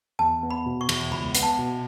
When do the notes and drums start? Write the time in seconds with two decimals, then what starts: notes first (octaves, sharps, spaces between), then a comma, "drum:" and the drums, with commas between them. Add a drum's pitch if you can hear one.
0.19 E2 A5
0.43 B3
0.50 B5
0.66 B2
0.81 C#6
0.89 E2, drum: cymbal
1.11 C#2 B5
1.35 B3, drum: hi-hat
1.43 A5
1.58 B2